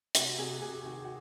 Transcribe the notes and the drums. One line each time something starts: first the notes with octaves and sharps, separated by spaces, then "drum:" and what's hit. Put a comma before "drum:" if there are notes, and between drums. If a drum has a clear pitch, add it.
C3 F#4, drum: hi-hat
C3 G#4
C3 G#4
D#3 F#4
F#4